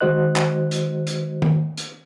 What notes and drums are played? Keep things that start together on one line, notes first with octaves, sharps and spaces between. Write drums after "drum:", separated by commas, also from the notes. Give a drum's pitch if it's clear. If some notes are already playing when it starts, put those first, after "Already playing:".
D#3 G#3 F#4 C5 D#5 F#6
drum: clap
drum: hi-hat
drum: hi-hat
drum: tom
drum: hi-hat